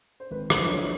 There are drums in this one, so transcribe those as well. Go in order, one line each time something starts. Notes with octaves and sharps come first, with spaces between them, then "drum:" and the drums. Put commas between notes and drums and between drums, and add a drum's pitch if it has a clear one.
C5
G#1 B4
C5, drum: rim click
F#2 D3 F3
C#5